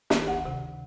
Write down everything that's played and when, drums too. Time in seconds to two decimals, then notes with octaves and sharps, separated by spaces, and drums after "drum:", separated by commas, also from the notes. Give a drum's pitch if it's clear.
0.10 D#3, drum: snare
0.27 D2 F#5
0.45 C3